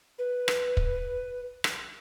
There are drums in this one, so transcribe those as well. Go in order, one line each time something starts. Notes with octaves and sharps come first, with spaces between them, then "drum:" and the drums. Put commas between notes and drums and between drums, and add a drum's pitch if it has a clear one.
B4
drum: rim click
drum: kick
drum: rim click